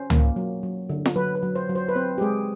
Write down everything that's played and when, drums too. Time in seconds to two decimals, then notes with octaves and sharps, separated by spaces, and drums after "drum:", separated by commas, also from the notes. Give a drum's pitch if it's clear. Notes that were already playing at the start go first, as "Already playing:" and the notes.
Already playing: C#4 C5
0.10 A#3, drum: tom
0.36 F#3
0.63 F#3
0.89 D3
1.06 drum: snare
1.16 F#3 B4
1.35 B4
1.43 F#3
1.56 C5
1.69 F#3
1.75 C5
1.89 B4
1.96 C4 C5
2.18 G4
2.21 G#3 G#4